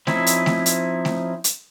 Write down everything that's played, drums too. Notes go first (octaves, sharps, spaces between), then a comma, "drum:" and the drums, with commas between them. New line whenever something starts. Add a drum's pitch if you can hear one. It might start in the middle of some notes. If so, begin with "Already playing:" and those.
F3 C4 C#4 D#4 E4, drum: snare A3
drum: hi-hat
drum: snare A3
drum: hi-hat
drum: snare A3
drum: hi-hat